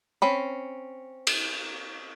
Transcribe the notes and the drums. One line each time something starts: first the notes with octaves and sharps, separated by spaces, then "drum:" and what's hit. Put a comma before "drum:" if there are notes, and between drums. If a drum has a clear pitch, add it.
C4 C#4 B5
drum: cymbal